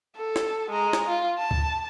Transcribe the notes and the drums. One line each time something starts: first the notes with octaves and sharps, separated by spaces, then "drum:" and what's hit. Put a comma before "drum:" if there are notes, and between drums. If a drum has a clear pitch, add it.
A4
drum: snare
G#3 A#5
drum: snare
F4
A5
drum: kick C#2